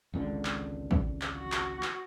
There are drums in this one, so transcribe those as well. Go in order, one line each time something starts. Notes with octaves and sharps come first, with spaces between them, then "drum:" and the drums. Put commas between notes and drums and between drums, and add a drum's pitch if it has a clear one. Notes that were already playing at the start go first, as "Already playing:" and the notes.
G#1 C#2 D3
drum: clap
drum: kick A1
drum: clap
F#4
drum: clap
drum: clap